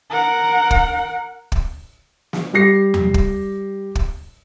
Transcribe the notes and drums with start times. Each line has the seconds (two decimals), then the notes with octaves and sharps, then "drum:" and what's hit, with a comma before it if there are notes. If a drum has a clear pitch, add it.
0.10 A#4 F#5
0.71 drum: kick
1.52 drum: kick
2.33 drum: snare
2.53 G3 G4 A#6 C7
2.94 drum: tom E2
3.14 drum: kick
3.95 drum: kick